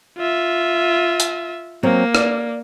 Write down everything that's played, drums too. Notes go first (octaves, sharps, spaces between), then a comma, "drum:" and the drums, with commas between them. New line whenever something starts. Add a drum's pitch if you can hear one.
F4 E5
drum: hi-hat
F#3 A#3 C4
D5, drum: rim click